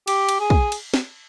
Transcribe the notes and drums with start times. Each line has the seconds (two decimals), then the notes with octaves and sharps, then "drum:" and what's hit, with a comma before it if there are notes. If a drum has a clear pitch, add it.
0.07 G4, drum: cymbal
0.29 drum: cymbal
0.40 G#4
0.50 drum: kick
0.72 drum: cymbal
0.94 drum: snare